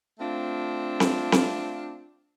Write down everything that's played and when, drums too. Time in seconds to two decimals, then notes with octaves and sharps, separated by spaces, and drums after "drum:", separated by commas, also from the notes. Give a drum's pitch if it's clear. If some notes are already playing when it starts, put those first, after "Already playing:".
0.20 A3 C4 D4 F4
1.00 drum: snare C4
1.32 drum: snare C4